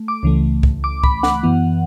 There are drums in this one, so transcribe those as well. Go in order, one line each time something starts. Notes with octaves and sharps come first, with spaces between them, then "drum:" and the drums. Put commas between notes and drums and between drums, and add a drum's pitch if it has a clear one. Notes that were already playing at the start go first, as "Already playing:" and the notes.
Already playing: A3
D6
C#2 C#3 E3 A3
drum: kick C2
D6
B5, drum: kick C2
F#5, drum: snare
F#2 E3 B3